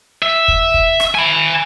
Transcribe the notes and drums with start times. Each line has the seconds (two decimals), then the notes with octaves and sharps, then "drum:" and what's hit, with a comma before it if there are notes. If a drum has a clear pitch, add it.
0.23 E5
0.48 drum: kick
0.74 drum: kick
1.00 drum: rim click
1.15 G#5 B5